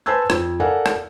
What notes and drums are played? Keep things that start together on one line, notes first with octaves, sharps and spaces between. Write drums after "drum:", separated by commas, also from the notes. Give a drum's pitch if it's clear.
B4 C5 G#5 A5 E6 G#6
F2, drum: rim click
A4 A#4 D5 F5 F#5 G#5
drum: rim click